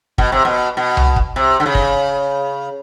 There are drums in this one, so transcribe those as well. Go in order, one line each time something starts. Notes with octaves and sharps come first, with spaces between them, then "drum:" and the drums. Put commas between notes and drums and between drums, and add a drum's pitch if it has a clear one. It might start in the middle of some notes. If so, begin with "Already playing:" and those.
B2, drum: kick
C3
B2
B2
drum: tom C2
drum: kick
C3
D3
C#3
drum: kick